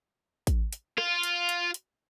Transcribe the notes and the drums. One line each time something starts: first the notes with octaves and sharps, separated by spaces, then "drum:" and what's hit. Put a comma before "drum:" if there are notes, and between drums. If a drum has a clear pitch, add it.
drum: kick A1, hi-hat
drum: hi-hat
F4, drum: rim click
drum: hi-hat
drum: hi-hat
drum: hi-hat